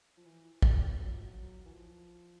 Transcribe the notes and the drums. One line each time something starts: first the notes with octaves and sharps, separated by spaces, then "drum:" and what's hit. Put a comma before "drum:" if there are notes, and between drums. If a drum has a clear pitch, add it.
F3
E3
F3, drum: kick
F#3
F3
F#3
E3
F3